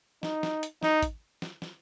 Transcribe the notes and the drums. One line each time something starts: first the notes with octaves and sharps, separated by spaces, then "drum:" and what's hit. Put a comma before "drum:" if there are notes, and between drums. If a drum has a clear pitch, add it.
D#4, drum: snare
drum: snare
drum: hi-hat
D#4, drum: snare
drum: kick, hi-hat
drum: snare
drum: snare